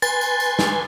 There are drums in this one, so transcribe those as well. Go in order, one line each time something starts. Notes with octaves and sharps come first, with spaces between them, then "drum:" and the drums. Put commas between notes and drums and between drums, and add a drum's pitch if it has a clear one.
B4 G#5 C6 A6, drum: tambourine
drum: tambourine
drum: tambourine
drum: snare